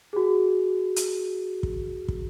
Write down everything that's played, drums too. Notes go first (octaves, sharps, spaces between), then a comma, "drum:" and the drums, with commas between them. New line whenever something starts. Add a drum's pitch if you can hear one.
F#4 G#4
drum: hi-hat
drum: kick
drum: kick